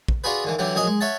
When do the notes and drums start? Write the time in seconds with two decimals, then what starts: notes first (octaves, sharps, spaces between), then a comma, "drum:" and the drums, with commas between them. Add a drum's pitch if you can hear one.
0.08 drum: kick
0.24 D4 F4 F#4 G#4 B4
0.44 D#2 D3 E3
0.59 D3 E3 F#3 G4
0.75 A#1 F#3 G#4 D#5
0.87 G#3
1.00 C#5 E5 F#5 A5